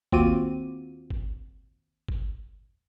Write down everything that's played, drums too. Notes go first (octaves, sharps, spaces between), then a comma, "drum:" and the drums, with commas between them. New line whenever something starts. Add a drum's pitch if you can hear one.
D#2 C4 F4 F#4 D6 D#7, drum: kick
drum: kick
drum: kick